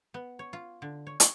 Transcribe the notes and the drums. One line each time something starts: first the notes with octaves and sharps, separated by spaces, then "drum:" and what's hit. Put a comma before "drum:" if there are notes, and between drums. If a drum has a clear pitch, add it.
B3
C#5
F4
D3
C#5
C#5, drum: hi-hat